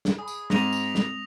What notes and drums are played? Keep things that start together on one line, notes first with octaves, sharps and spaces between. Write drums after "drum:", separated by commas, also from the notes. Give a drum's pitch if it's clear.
drum: snare
G#4 G#5 B5 D#6
drum: tambourine
G#2 G#3 C4 A#6 D#7 F7, drum: snare
drum: tambourine
drum: snare